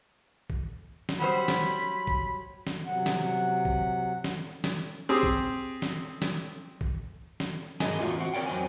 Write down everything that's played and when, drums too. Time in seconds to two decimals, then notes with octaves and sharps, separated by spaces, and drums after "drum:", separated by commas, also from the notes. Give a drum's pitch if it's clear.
0.50 drum: kick
1.09 drum: snare
1.20 F#3 G3 C5 B5
1.48 drum: snare
2.07 drum: kick
2.67 drum: snare
2.86 C3 F#3 F#5
3.06 drum: snare
3.65 drum: kick
4.24 drum: snare
4.64 drum: snare
5.09 C4 G4 G#4 C5
5.23 drum: kick
5.82 drum: snare
6.22 drum: snare
6.81 drum: kick
7.40 drum: snare
7.80 G#2 G#4 A#4 D#5 G#5, drum: snare
8.00 E2 A2 F4 F#4 E5
8.18 C4 F#4
8.34 C4 A#4 C#5 D5 G5
8.46 F2 F#3 C5 G#5